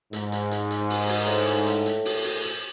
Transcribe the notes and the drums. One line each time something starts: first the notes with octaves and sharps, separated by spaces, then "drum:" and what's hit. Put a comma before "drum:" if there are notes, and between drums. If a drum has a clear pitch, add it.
G#2, drum: hi-hat
drum: hi-hat
drum: hi-hat
drum: hi-hat
drum: open hi-hat
drum: open hi-hat
A2, drum: hi-hat
drum: hi-hat
drum: hi-hat
drum: hi-hat
drum: open hi-hat
drum: open hi-hat
drum: hi-hat